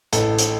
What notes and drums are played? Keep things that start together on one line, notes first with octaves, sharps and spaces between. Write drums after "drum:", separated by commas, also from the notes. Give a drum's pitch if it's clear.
A1 A4, drum: hi-hat
drum: hi-hat